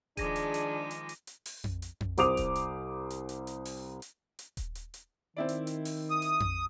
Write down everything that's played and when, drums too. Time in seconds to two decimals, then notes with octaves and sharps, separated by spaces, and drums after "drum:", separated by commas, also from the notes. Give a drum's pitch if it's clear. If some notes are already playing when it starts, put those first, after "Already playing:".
0.17 D#3 F3 G#3 D4 G#4 D6 A#6 D#7, drum: kick D#1, hi-hat
0.36 drum: hi-hat
0.54 drum: hi-hat
0.91 drum: hi-hat
1.09 drum: hi-hat
1.27 drum: hi-hat
1.46 drum: open hi-hat
1.64 drum: tom F2
1.82 drum: hi-hat
2.01 drum: tom F2
2.18 C2 C5 D6 D#6 F7, drum: hi-hat
2.37 drum: kick D#1, hi-hat
2.55 drum: hi-hat
3.10 drum: hi-hat
3.29 drum: hi-hat
3.47 drum: hi-hat
3.65 drum: open hi-hat
4.02 drum: hi-hat
4.39 drum: hi-hat
4.57 drum: kick D#1, hi-hat
4.75 drum: hi-hat
4.94 drum: hi-hat
5.37 D#3 C4 E4 D5
5.49 drum: hi-hat
5.67 drum: hi-hat
5.85 drum: open hi-hat
6.10 D#6
6.22 drum: hi-hat
6.40 drum: tom F2